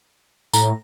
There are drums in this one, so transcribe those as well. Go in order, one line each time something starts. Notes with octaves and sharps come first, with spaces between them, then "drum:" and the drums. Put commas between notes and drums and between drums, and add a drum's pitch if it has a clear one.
A2 A#5, drum: tambourine